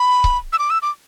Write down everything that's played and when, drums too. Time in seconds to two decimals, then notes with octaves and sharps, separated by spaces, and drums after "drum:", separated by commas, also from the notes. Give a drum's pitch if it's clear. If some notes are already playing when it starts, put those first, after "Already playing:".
Already playing: B5
0.24 drum: kick C#1
0.53 E6
0.59 D6
0.70 E6
0.82 D6